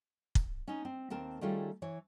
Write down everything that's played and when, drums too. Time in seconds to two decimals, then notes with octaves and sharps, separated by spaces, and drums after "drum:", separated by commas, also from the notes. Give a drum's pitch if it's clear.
0.35 drum: kick
0.67 C#4 D#4
0.85 C4
1.10 D#2 C4 A#4 A5
1.41 D#3 G3 A3 C#4 F4 G#4
1.82 E3 C#5